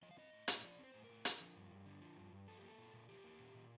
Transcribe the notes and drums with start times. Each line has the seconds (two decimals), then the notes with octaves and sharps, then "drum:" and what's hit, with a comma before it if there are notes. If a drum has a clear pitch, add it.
0.02 F3 D#5
0.11 F5
0.18 C4 D#5
0.33 A2
0.48 A2, drum: hi-hat
0.63 F3 D5
0.79 C4 C5
0.94 A2
1.04 A2 A#4
1.25 D3, drum: hi-hat
1.40 F3
1.56 G2
1.71 G2
1.86 D3
2.01 F3
2.17 G2
2.32 G2
2.48 F3 A4
2.58 A#3 G4
2.68 A4
2.78 A#2
2.94 A#2
3.09 F3 G4
3.24 A#3
3.39 A#2
3.54 A#2